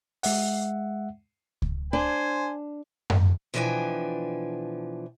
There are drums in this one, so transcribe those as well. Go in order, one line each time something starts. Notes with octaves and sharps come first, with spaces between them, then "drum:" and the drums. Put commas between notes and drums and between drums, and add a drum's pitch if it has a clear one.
G#3 E5 F#5, drum: open hi-hat
drum: kick C#2
D4 C5 G#5
drum: tom F#2
B2 E3 F3 D4 G5 G#5